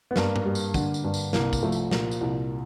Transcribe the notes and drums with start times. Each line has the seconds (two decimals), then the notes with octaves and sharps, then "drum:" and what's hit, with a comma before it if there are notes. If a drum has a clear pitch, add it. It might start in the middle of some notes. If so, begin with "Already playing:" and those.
0.11 B3
0.16 G2 A#3, drum: snare
0.36 drum: tom G#2
0.45 G3
0.55 drum: tambourine
0.74 D3, drum: kick, tambourine
0.94 drum: tambourine
1.04 G2
1.14 drum: tambourine
1.33 C2 A#3, drum: snare
1.53 drum: kick, tambourine
1.63 F3 A3
1.72 drum: tambourine
1.91 A#2 A#3, drum: snare
2.11 drum: tambourine
2.21 C2